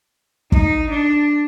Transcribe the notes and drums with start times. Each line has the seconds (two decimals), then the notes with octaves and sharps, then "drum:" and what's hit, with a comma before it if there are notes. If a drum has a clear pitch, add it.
0.52 D#4, drum: kick
0.90 D4